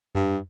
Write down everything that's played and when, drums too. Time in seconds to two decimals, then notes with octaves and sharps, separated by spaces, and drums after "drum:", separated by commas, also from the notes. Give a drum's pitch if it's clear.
0.15 G2, drum: tom F2